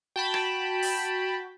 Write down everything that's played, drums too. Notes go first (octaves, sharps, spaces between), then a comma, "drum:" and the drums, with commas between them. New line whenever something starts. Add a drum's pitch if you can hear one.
F#4 G5 A5 B5
drum: rim click
drum: open hi-hat